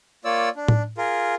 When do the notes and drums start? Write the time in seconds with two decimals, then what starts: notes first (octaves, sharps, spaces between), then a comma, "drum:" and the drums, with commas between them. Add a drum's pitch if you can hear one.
0.25 A#3 F4 C#5 D5 E6
0.56 D4
0.68 drum: tom A2
0.98 F4 G#4 A#4